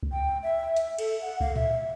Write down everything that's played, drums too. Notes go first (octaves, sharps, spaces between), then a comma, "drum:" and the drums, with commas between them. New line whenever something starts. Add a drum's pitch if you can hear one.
drum: kick C#2
G5
E5
drum: hi-hat
A4, drum: cymbal
F#5
F5, drum: kick C#2
E5, drum: tom A2